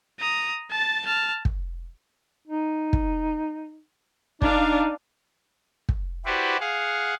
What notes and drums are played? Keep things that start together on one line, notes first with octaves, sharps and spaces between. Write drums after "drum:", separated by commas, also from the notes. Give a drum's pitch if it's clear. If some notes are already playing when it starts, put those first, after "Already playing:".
A#5 D#6
A5 A6
A5 F6
drum: kick
D#4
drum: kick
D4 D#4 F5, drum: kick
drum: kick
E4 F#4 G4 B4 C5 D5
G#4 F5 F#5